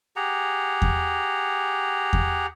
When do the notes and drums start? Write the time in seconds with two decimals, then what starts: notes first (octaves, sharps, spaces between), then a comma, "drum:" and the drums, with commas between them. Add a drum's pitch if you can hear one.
0.16 G4 G#4 F#5 A#5
0.82 drum: kick E2
2.13 drum: kick E2